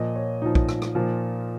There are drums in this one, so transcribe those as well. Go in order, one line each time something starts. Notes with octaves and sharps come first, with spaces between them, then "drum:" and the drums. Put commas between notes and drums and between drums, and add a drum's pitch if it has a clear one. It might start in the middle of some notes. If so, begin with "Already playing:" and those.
Already playing: A#2 F3 D#5
C#5
A#2 F3 D#4
drum: kick
drum: rim click
drum: rim click
A#2 F3